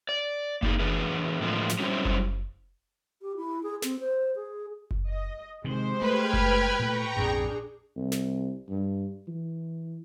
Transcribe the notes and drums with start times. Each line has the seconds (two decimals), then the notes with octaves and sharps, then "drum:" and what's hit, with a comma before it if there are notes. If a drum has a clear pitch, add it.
0.09 D5
0.62 A#3 D#4 F4 G#4, drum: kick F#1
0.80 E3 D4 G#4 B4
1.41 A2 D3 E3 F3 G#3 A#3
1.69 drum: snare
1.79 F#3 G3 C#4 E4 G4 C5
2.05 drum: kick F#1
3.22 G4
3.36 E4
3.62 G#4
3.82 C4, drum: snare
3.99 C5
4.35 G#4
4.91 drum: kick F#1
5.09 D#5
5.64 C3 D#3 G#3 G4 C5
6.02 A3 B4 G5 F6 G#6
6.33 drum: kick F#1
6.79 A#2 A3 G5 A#5 C#6
7.16 A#1 F2 G#2 D4 G#4
7.96 C2
8.12 drum: snare
8.69 G2
9.28 E3